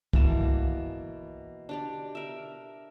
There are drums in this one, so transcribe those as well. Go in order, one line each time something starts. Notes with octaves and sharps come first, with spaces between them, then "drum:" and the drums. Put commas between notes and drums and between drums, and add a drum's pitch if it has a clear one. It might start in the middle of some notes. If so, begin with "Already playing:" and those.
B2 E3 A#3 A5, drum: kick
D4 G4 D5
A#4 E5